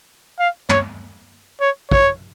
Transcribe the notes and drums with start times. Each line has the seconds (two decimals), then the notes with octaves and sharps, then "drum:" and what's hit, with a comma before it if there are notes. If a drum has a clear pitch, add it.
0.39 F5
0.69 C#5, drum: tom
1.61 C#5
1.91 C#5, drum: kick